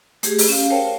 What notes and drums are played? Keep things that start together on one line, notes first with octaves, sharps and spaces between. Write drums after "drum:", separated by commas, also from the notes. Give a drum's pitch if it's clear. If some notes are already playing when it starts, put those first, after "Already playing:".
A3 G4 G#4, drum: hi-hat
drum: open hi-hat
C#4 F5
A#4 C5 C#5 F5 G5 A5